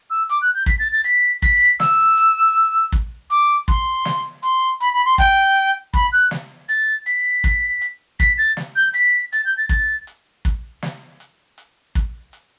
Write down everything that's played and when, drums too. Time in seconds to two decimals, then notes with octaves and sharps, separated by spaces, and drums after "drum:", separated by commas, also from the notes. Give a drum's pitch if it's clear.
0.10 E6
0.29 D6, drum: hi-hat
0.41 F#6
0.54 G6
0.66 B6, drum: kick, hi-hat
0.79 A6
0.92 A6
1.04 B6, drum: hi-hat
1.42 B6, drum: kick, hi-hat
1.80 E6, drum: snare
2.17 drum: hi-hat
2.92 drum: kick, hi-hat
3.30 D6, drum: hi-hat
3.68 C6, drum: kick, hi-hat
4.05 drum: snare
4.43 C6, drum: hi-hat
4.80 B5, drum: hi-hat
4.93 B5
5.05 C6
5.18 G5, drum: kick, hi-hat
5.56 drum: hi-hat
5.94 B5, drum: kick, hi-hat
6.12 F#6
6.31 drum: snare
6.69 A6, drum: hi-hat
7.06 B6, drum: hi-hat
7.44 drum: kick, hi-hat
7.81 drum: hi-hat
8.20 B6, drum: kick, hi-hat
8.38 A6
8.57 drum: snare
8.76 G6
8.94 B6, drum: hi-hat
9.33 A6, drum: hi-hat
9.45 G6
9.57 A6
9.69 A6, drum: kick, hi-hat
10.07 drum: hi-hat
10.45 drum: kick, hi-hat
10.82 drum: snare
11.20 drum: hi-hat
11.58 drum: hi-hat
11.95 drum: kick, hi-hat
12.33 drum: hi-hat